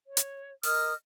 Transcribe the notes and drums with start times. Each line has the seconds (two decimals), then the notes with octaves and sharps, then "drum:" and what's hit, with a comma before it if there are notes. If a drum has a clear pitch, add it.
0.06 C#5
0.17 drum: hi-hat
0.63 A#4 D#5 D#6 F6, drum: open hi-hat